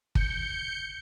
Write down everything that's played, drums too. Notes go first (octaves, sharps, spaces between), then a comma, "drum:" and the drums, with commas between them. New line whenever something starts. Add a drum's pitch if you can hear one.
G6 C#7, drum: kick